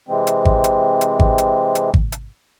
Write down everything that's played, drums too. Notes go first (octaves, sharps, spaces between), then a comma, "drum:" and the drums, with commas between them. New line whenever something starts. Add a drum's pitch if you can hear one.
C3 E3 G#3 C4
drum: hi-hat
drum: kick G#1
drum: hi-hat
drum: hi-hat
drum: kick G#1
drum: hi-hat
drum: hi-hat
drum: kick G#1
drum: hi-hat